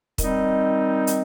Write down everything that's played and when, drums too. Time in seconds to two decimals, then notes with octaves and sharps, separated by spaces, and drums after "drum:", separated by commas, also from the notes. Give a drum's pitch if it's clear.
0.18 D#3 G3 C4 D#4, drum: kick, hi-hat
1.07 drum: hi-hat